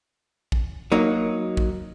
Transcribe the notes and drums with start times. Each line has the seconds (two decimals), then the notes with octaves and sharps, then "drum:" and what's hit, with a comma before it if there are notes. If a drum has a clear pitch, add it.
0.52 drum: kick
0.92 F#3 A#3 D#4
1.57 drum: kick